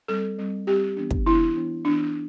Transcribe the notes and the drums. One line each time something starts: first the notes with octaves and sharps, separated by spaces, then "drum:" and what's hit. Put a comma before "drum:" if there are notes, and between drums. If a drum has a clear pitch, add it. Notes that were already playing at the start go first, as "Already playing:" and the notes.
G3 C4 A4
G3 C4
G3 C4 G4
E3 B3 D4
drum: kick
E3 B3 D4 E4
E3 B3 D4
E3 B3 D4